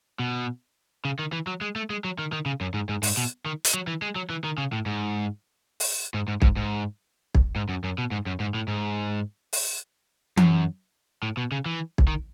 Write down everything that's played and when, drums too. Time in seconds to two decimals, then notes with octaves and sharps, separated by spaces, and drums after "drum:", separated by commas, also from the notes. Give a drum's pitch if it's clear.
0.20 B2
1.05 C#3
1.19 D#3
1.33 E3
1.47 F#3
1.61 G#3
1.76 A3
1.90 G#3
2.04 F#3
2.19 D#3
2.33 D#3
2.46 C#3
2.61 F#2
2.74 G#2
2.89 G#2
3.03 G#2, drum: open hi-hat
3.17 B2
3.46 D#3
3.65 drum: hi-hat
3.74 F#3
3.87 E3
4.02 G#3
4.16 F#3
4.30 E3
4.44 D#3
4.58 C#3
4.73 A2
4.86 G#2
5.80 drum: open hi-hat
6.14 G#2
6.28 G#2
6.42 G#2, drum: kick
6.56 G#2
7.35 drum: kick
7.56 G#2
7.69 F#2
7.84 F#2
7.98 B2
8.12 G#2
8.26 F#2
8.40 G#2
8.55 A2
8.68 G#2
9.53 drum: open hi-hat
10.37 F#2, drum: tom E3
11.23 A2
11.37 B2
11.52 C#3
11.66 E3
11.98 drum: kick
12.07 D#3